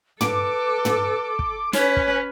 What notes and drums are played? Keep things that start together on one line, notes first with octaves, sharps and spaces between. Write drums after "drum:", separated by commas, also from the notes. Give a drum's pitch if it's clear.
A4 B4 D6, drum: tom
drum: tom
drum: kick
C#4 B4 C#5, drum: snare
drum: kick